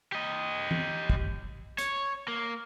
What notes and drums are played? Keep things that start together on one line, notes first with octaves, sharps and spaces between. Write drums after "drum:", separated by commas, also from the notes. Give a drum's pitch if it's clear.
G4 D#5
drum: tom E3
drum: kick
C#5, drum: hi-hat
A#3